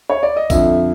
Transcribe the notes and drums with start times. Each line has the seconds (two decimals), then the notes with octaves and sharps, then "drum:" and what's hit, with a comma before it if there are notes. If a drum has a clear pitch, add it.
0.10 C#5
0.23 D5
0.36 D#5
0.50 F2 D3 F3 E5, drum: kick A1, tambourine